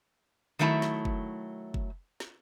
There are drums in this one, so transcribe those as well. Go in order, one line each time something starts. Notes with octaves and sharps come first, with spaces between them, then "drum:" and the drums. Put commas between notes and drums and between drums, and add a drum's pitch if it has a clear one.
D#3 F#3 A3 E4 A5
drum: snare
drum: kick F#1
drum: kick F#1
drum: snare